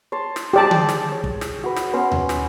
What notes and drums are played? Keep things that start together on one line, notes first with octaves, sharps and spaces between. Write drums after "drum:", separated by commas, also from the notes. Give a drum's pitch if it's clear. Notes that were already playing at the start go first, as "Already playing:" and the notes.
C#5 A5 C6
drum: snare
G4 G#4 D5 A5
drum: tom D3
drum: snare
C#5
drum: kick
drum: snare
F#4 B4
drum: snare
B3 C#4 C6
drum: tom D2
drum: snare